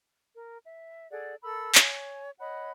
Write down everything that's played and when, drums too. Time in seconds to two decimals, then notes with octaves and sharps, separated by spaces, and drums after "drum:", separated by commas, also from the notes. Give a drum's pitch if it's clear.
0.34 A#4
0.64 E5
1.11 G#4 A4 D5 F#5
1.42 A4 A#4 B5 E6
1.75 C#5 G#5, drum: clap
2.39 C#5 D#5 F#5 B5